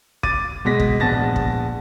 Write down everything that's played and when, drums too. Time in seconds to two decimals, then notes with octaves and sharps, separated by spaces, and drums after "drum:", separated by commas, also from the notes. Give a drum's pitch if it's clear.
0.23 D6 A6 D#7, drum: kick
0.65 B2 G#3 A#6 B6
0.80 drum: kick
1.00 A#1 B3 A5 A6 A#6
1.36 drum: kick